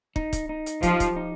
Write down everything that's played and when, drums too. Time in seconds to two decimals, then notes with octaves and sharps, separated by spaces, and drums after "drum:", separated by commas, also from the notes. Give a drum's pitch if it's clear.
0.16 D#4, drum: kick
0.33 drum: kick, hi-hat
0.49 D#4
0.66 drum: hi-hat
0.83 F3 G4, drum: kick, hi-hat
1.00 drum: kick, hi-hat
1.16 D#4